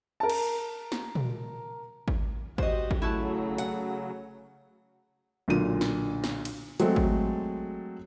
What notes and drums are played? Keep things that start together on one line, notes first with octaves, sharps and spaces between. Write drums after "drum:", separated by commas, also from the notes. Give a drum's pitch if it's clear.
A#4 A5
drum: cymbal
drum: snare
drum: tom
drum: kick G#1
F#4 G4 C5 D#5, drum: kick G#1
drum: kick G#1
C#3 F#3 A3 E4 F#4 A5
F#5, drum: hi-hat
B1 A#2 D3 D#7
drum: snare
drum: snare
drum: cymbal
F#3 G#3 A3 C4 A4, drum: hi-hat
drum: kick G#1